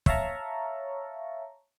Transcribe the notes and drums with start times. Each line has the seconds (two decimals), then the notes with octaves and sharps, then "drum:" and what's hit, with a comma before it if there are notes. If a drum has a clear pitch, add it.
0.06 C#5 E5 F5 A5 A#5 C#6, drum: kick